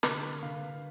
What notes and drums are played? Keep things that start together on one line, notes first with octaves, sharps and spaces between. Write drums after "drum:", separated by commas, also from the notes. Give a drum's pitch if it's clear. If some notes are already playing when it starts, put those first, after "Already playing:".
D3 B4, drum: snare
A#3
D3 F5
D3